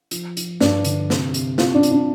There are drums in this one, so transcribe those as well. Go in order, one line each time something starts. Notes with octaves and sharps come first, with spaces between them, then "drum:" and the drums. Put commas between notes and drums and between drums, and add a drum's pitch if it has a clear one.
F3, drum: hi-hat
F3, drum: hi-hat
G2 D4, drum: snare
D3, drum: hi-hat
C3, drum: snare
C3, drum: hi-hat
C2 F4, drum: snare
D4
C2, drum: hi-hat
D4